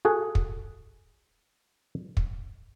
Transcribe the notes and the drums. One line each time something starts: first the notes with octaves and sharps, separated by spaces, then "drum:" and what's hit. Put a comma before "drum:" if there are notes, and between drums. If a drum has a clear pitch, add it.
F#4 G#4 A4 F#5
drum: kick
drum: kick